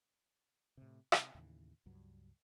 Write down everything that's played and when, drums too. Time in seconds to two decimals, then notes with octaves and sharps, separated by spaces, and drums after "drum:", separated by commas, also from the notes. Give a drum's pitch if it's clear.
0.77 A2 C3
1.12 C3, drum: rim click
1.35 D#2 A2 C#3 E3
1.86 C#2 G2 F#3